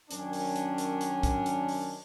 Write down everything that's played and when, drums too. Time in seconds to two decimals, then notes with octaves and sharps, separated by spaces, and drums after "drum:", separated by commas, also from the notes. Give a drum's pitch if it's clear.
0.11 F#2 D#3 C#4 D4, drum: hi-hat
0.33 drum: open hi-hat
0.56 drum: hi-hat
0.78 drum: hi-hat
1.01 drum: hi-hat
1.23 drum: kick, hi-hat
1.46 drum: hi-hat
1.69 drum: open hi-hat